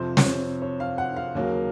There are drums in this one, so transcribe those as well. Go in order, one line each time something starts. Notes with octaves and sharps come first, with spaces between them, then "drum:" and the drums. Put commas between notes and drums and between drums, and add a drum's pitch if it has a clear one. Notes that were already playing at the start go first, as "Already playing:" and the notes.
Already playing: F2 C3 F3 C4 C5
C#5, drum: snare
C5
C#5
F5
F#5
F5
D#2 C#3 F#3 A#3 C#4